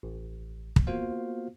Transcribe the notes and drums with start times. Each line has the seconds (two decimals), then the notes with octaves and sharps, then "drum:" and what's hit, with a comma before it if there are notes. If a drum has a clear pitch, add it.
0.03 A1
0.76 drum: kick
0.87 A#3 B3 F4 F#4 C5 F5